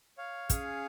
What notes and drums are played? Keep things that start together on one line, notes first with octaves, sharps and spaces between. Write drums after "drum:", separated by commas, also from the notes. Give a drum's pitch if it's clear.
C#5 F5
C#4 G#4, drum: kick, hi-hat